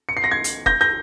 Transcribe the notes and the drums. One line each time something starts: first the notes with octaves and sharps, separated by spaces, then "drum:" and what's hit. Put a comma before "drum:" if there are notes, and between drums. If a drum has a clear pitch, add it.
C#7
C7
A#6
G#6 C7
drum: hi-hat
G6 A#6, drum: kick
G6 A#6